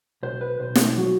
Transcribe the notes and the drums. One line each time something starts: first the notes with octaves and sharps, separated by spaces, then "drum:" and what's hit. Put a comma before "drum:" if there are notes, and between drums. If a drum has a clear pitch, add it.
B1 C5
B4
B1 C5
drum: snare
F#3 F#4